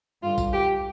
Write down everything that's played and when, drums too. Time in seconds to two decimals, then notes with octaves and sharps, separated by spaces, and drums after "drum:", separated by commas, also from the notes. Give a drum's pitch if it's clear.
0.22 G2 D3 F4
0.38 drum: kick A#1, tambourine
0.52 G4